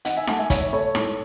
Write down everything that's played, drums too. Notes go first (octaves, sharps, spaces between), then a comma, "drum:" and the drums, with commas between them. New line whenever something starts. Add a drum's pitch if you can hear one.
D#3 D#5 F#5, drum: hi-hat
E5 G#5
A3 F#5 A5, drum: snare D#4
E5 G#5
D#3 C#5 E5, drum: kick, hi-hat
A3 A4 C#5
A2, drum: snare D#4